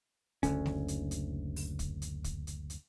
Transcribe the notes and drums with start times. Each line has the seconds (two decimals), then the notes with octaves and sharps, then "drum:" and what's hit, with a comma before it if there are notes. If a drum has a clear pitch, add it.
0.43 F#1 D2 D3 C#4, drum: kick, hi-hat
0.66 drum: snare
0.88 drum: hi-hat
1.11 drum: hi-hat
1.56 drum: open hi-hat
1.79 drum: kick, hi-hat
2.02 drum: hi-hat
2.24 drum: kick, hi-hat
2.47 drum: hi-hat
2.70 drum: hi-hat